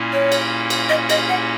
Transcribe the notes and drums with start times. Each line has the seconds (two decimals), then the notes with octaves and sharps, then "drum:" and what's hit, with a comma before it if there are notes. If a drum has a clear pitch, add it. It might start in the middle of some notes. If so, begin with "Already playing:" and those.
Already playing: A#2 A#3 C#4 E4
0.13 C#5
0.32 drum: cymbal
0.70 drum: cymbal
0.89 D#5
1.10 D#5, drum: cymbal
1.29 F#5